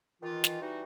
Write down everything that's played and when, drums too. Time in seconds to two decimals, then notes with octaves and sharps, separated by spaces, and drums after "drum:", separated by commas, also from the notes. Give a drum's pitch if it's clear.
0.22 D#3 E3 F4
0.44 drum: snare
0.62 E3 G3 D#4 F#4